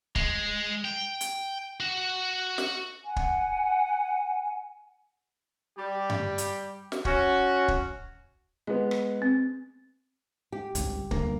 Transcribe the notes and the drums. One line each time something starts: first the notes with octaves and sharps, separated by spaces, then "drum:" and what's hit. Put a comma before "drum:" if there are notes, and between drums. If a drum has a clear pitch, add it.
G#3, drum: kick
G5
drum: hi-hat
F#4
drum: snare
F#5 G#5
drum: kick
G3 G4
drum: tom G2
drum: hi-hat
drum: snare
C#4 F#4, drum: kick
drum: kick
G#3 B3 D#5
drum: rim click
C4
G4
G#1 C#2 G2, drum: hi-hat
D2 G2 A#3, drum: kick